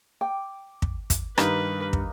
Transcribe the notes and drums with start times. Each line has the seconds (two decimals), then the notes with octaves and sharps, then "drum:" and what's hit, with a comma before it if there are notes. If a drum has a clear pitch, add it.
0.21 G5 D6
0.82 drum: kick
1.10 drum: kick, hi-hat
1.38 G2 D#3 A#3 D#4 B4, drum: rim click
1.93 drum: kick